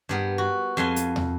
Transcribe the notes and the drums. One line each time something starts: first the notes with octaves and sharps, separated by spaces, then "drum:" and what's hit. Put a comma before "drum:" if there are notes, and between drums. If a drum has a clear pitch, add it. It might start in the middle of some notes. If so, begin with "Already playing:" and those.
G2 B3 A#4
F#4
F2 F5 G#5 C6
drum: hi-hat
drum: tom